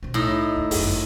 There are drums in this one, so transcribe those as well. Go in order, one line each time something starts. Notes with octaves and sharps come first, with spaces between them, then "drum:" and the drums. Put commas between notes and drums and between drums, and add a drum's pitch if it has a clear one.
B2 C4
C2 A2 D#4
D#2
G1 F#2, drum: open hi-hat